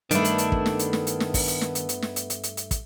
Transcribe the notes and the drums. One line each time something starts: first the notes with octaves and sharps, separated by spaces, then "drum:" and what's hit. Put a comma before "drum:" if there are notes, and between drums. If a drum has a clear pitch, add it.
G2 D#3 A3 B3 D4 E4, drum: hi-hat
drum: hi-hat
drum: hi-hat
drum: kick
drum: snare
drum: hi-hat
drum: snare
drum: hi-hat
drum: snare
drum: kick, open hi-hat
drum: hi-hat
drum: snare
drum: hi-hat
drum: hi-hat
drum: snare
drum: hi-hat
drum: hi-hat
drum: hi-hat
drum: hi-hat
drum: kick, hi-hat